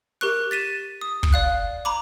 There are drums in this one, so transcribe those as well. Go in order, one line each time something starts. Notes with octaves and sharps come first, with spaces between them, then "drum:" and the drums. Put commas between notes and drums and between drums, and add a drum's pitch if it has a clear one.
G4 A#4 C#6 F#6
A6 B6 D#7 E7
D#6
drum: kick
D5 F5 F#6
A#5 B5 D6